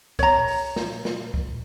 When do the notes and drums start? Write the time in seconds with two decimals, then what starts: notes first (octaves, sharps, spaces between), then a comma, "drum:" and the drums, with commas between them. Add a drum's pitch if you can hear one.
0.19 C#5 A#5, drum: kick, hi-hat
0.48 drum: open hi-hat
0.76 drum: snare
1.05 drum: snare
1.34 drum: kick